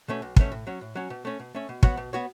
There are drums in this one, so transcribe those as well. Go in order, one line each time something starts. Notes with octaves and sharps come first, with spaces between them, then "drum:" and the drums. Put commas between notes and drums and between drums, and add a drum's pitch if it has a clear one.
B2 A3 C#4
B1
B2 A3 C#4, drum: kick
A2
F#3 C#4
A2
F#3 C#4
B2
A3 C#4
B2
A3 C#4
B2
B3 F#4 C#5, drum: kick
B2
B3 F#4 C#5